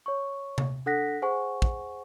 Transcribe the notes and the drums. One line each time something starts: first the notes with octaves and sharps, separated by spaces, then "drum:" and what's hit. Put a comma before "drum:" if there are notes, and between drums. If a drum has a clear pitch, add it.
C#5 C#6
drum: tom C3
D4 A4 F#5 F#6 A#6 B6
G#4 C5 F#5 G#5 C#6
drum: kick